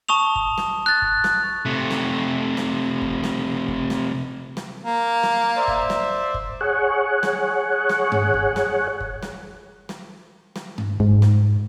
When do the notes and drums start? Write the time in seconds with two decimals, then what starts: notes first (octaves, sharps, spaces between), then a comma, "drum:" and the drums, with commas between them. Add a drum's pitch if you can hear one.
0.09 A5 C#6 D#6 F7
0.35 drum: kick
0.58 drum: snare
0.86 F#6 A6
1.02 drum: kick
1.24 drum: snare
1.65 C3 A3
1.91 drum: snare
2.57 drum: snare
3.02 drum: kick
3.24 drum: snare
3.68 drum: kick
3.90 drum: snare
4.57 drum: snare
4.84 A#3
5.23 drum: snare
5.57 C5 D5 E5
5.68 drum: kick
5.90 drum: snare
6.34 drum: kick
6.61 G#4 C#5 F#5
7.23 drum: snare
7.89 drum: snare
8.12 drum: tom G2
8.34 drum: kick
8.56 drum: snare
9.00 drum: kick
9.23 drum: snare
9.89 drum: snare
10.56 drum: snare
10.78 drum: tom G2
11.00 G#2, drum: kick
11.22 drum: snare